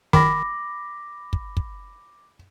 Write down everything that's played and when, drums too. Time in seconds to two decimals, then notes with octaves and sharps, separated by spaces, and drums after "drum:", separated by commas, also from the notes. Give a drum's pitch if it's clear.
0.13 D#3 B5 D6 A#6, drum: kick
1.33 drum: kick
1.57 drum: kick